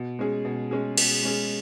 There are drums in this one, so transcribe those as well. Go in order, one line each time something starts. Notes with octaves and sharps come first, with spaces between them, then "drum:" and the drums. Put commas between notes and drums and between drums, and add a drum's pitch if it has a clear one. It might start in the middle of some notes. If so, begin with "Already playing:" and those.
Already playing: B2
G#3 C#4 G#4
B2
G#3 C#4 G#4
B2, drum: cymbal
G#3 C#4 G#4